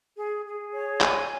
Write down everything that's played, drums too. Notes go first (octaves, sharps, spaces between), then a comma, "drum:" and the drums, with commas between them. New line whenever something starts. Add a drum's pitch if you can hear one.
G#4
G#4
C#5
G#5, drum: clap